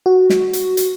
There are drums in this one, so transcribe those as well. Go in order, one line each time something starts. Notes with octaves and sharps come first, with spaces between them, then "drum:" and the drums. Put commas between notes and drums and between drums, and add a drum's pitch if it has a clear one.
F#4
drum: snare
drum: hi-hat
drum: hi-hat